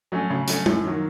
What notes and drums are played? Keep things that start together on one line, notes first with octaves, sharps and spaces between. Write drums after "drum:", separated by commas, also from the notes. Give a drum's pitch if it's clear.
F#3 A3 C#4
C#3
F#3 A3 C#4, drum: hi-hat
F#2, drum: tom
D#3 F#3 A#3